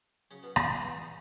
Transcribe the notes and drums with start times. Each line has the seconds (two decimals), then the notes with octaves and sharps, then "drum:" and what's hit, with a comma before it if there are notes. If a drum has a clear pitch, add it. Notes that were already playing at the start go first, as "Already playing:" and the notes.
0.30 C#3 F#3 C#4
0.43 B2 B3
0.56 G#3, drum: rim click
0.69 A3
0.82 B2 E3 B3